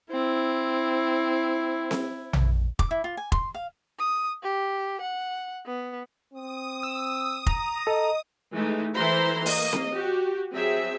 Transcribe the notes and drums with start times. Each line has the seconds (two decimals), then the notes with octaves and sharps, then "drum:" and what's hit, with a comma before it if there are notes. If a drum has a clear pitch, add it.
0.12 C4 E4
1.91 drum: snare C4
2.33 drum: tom A#1
2.79 D6, drum: kick F1
2.91 E4
3.04 F4
3.17 G#5
3.32 C6, drum: kick F1
3.54 F5
3.99 D#6
4.43 G4
5.01 F#5
5.66 B3
6.34 C4 D#6
6.83 E6
7.46 A#5, drum: kick F1
7.87 A4 D#5
8.52 E3 G#3 A3 D#4
8.94 E3 E4 A4 C5 A#5 C6
9.46 A#3 D#5, drum: open hi-hat
9.73 drum: snare C4
9.93 F#4 G4
10.52 F#3 C4 G#4 E5